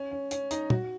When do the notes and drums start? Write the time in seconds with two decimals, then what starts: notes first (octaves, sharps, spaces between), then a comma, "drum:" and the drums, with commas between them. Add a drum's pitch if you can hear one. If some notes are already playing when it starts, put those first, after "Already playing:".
Already playing: C#4
0.11 C#4
0.31 C#4, drum: hi-hat
0.51 D#4, drum: hi-hat
0.70 F#4, drum: tom